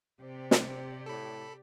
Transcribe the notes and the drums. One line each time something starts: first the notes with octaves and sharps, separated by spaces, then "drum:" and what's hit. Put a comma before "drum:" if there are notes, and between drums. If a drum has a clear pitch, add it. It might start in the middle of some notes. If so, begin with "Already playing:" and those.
C3 C4 G4 D5
drum: snare
A2 A4 B5